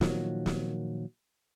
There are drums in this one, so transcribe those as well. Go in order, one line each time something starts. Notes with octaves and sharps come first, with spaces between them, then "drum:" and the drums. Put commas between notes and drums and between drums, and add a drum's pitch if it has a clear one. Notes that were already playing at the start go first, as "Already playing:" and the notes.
A#2 D#3 F3 F#3, drum: snare
drum: snare